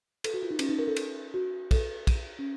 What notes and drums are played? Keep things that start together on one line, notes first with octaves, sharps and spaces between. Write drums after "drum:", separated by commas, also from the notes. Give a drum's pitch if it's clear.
A4, drum: cymbal
F#4
F4
D#4
C#4, drum: cymbal
D#4
A#4
A4
drum: cymbal
F#4
A4, drum: kick, cymbal
drum: kick, cymbal
C#4